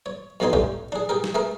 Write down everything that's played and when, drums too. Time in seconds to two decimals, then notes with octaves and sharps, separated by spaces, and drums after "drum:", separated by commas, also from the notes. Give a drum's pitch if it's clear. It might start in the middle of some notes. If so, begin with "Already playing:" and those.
0.06 C#5
0.40 F2 B2 F#3 D#4 G#5 C6
0.53 A2 D3 C#4 G4, drum: kick A1
0.92 D4 G#4
1.09 G4 G#4 A#4
1.24 drum: snare
1.35 A3 G#4 A#4